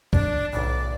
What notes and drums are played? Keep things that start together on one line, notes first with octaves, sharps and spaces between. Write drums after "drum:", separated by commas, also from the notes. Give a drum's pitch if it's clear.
D4, drum: kick
B1 A2 C#3 D5